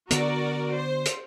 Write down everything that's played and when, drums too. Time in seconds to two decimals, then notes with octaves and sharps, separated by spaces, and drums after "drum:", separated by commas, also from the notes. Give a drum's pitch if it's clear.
0.11 D3 B3 F#4 A#4 D5, drum: hi-hat
0.74 C5
1.05 drum: hi-hat